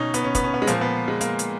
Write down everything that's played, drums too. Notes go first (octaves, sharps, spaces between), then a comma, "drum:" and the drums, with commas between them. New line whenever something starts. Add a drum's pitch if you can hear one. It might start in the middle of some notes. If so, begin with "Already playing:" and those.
Already playing: B2 C#4 D#4
B3, drum: hi-hat
C#4
B3, drum: kick, hi-hat
C#4
B3
G#3
A#2 F3 A#3, drum: hi-hat
B3
G#3
A#3, drum: hi-hat
drum: hi-hat